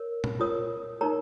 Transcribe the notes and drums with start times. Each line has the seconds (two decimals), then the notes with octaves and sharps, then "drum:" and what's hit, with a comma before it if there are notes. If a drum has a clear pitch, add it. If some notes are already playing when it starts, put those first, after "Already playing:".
Already playing: A#4 C#5
0.24 drum: tom A#2
0.39 F4 A#4 C#5 D#6
1.01 D#4 A#4 C#5 A#5